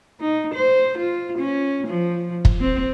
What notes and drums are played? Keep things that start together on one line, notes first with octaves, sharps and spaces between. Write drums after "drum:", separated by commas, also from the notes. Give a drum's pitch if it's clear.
D#4
C5
F4
C#4
F3
drum: kick
C4